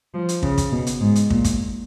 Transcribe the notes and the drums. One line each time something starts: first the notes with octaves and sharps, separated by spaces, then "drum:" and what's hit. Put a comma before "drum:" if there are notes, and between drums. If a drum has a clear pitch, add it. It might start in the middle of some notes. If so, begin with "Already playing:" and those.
F3
drum: hi-hat
C#3, drum: kick
drum: kick, hi-hat
B2
drum: hi-hat
G#2
drum: hi-hat
A#2, drum: kick
drum: kick, hi-hat